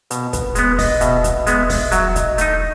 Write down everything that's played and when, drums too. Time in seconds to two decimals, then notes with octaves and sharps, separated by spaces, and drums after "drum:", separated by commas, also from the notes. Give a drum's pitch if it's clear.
0.11 B2 B4, drum: hi-hat
0.33 B4, drum: kick, hi-hat
0.55 G#3 B3, drum: hi-hat
0.79 D#5, drum: kick, open hi-hat
1.01 B2 E5, drum: hi-hat
1.24 drum: kick, hi-hat
1.47 G#3 B3 E5, drum: hi-hat
1.70 drum: kick, open hi-hat
1.92 F#3 F#5, drum: hi-hat
2.16 D#5, drum: kick, hi-hat
2.38 A3 D#4, drum: hi-hat